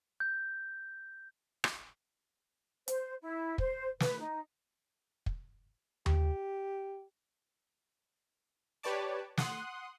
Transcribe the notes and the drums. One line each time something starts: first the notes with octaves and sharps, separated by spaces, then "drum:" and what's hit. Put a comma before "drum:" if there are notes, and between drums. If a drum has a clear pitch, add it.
G6
drum: rim click
C5, drum: hi-hat
E4
C5, drum: kick
B4, drum: snare
D#4
drum: kick
G4, drum: tom D#2
G4 B4 C#5 D5 A5 D6
F#5 C6 D#6 F#6, drum: snare